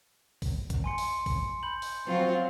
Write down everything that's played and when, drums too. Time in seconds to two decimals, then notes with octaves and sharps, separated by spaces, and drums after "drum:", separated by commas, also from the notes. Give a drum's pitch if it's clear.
0.42 drum: kick, open hi-hat
0.70 drum: kick, hi-hat
0.84 G#5 C6 C#7
0.98 drum: open hi-hat
1.26 drum: kick, open hi-hat
1.63 B5 G6 F#7
1.82 drum: open hi-hat
2.06 F#3 C4 F4